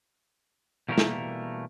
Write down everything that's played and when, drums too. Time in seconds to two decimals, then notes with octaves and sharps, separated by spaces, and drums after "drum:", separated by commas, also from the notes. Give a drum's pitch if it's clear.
0.89 B2 E3 G3 A3 A#3 A#4
0.98 drum: snare